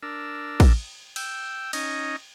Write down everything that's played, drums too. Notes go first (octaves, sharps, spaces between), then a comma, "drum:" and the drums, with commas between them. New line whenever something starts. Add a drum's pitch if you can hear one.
D4 A#4 E6
drum: kick, cymbal
G5 E6, drum: cymbal
C#4 D#4 D#5, drum: cymbal